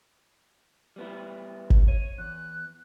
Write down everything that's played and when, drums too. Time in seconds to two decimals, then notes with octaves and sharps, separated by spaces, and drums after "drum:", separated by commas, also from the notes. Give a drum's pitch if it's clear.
0.96 G3 B3 E4
1.70 drum: kick G1
1.88 C#5 D#7
2.18 E2 F#6